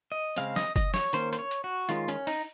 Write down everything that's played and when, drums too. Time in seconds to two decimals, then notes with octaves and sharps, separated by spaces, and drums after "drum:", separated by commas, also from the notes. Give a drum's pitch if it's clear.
0.12 D#5
0.36 C#3 G#3 C4 F5, drum: hi-hat
0.56 D#5, drum: snare
0.76 D#5, drum: kick, hi-hat
0.94 C#5, drum: snare
1.13 D#3 A#3 C#4 C5, drum: hi-hat
1.33 C5, drum: hi-hat
1.39 C#5
1.51 drum: hi-hat
1.64 F#4
1.89 D#3 G#3 C#4 F4, drum: hi-hat
2.08 C#4, drum: hi-hat
2.27 D#4, drum: open hi-hat